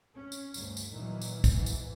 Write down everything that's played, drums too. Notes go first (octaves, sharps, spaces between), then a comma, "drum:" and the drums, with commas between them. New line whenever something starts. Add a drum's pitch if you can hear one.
C#4
drum: tambourine
G1 D2 G2, drum: tambourine
drum: tambourine
A#2 D#3 E3 F#3
drum: tambourine
drum: kick, tambourine
G#2 B2 E3
drum: tambourine